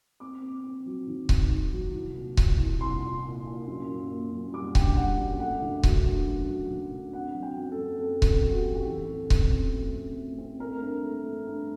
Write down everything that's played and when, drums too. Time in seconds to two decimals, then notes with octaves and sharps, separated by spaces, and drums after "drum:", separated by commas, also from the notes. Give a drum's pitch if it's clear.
0.20 C4 D6
0.42 C4
0.64 C4
0.86 F#3
1.07 D#2
1.29 D#3, drum: kick C#1
1.50 D#3
1.72 F#3
1.93 C2
2.15 A#2
2.37 A#2, drum: kick C#1
2.59 C2
2.81 C2 C6
3.02 A#2
3.24 A#2
3.46 A#2
3.67 F#2
3.89 F#2
4.10 A#3
4.32 F#2
4.53 G3 D6
4.75 D3 G5, drum: kick C#1
4.97 G3 F#5
5.19 F#2
5.40 A3 F#5
5.62 D2
5.83 F#3, drum: kick C#1
6.05 D3
6.27 F#3
6.49 F#3
6.70 D2
6.92 D3
7.13 C4 F#5
7.35 F#3
7.43 G5
7.57 F#2
7.71 A4
7.78 F#2
8.00 C4 A4
8.22 F#2, drum: kick C#1
8.29 A4
8.43 F#3
8.49 F#4
8.58 G4
8.65 F#2
8.75 G4
8.86 A1 A4
9.09 C4
9.30 A1, drum: kick C#1
9.52 C4
9.73 A3
9.95 C4
10.17 A3
10.38 C4
10.60 A3 A#4
10.81 G2
11.03 A3
11.25 A3
11.47 G2